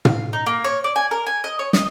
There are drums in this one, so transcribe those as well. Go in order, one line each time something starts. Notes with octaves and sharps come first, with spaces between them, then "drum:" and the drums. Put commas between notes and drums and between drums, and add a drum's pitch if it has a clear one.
F5, drum: tom
D#4
A#3
C#5
D5
G#5
A#4
G#5
D#5
C#5
D#5, drum: snare